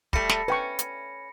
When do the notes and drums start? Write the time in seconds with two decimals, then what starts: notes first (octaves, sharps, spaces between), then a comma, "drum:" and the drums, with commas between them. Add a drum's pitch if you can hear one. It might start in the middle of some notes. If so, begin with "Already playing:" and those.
0.13 G3 A3 B5 A#6 C#7, drum: kick
0.29 drum: snare
0.48 C#4 B4 G5 C#6
0.79 drum: hi-hat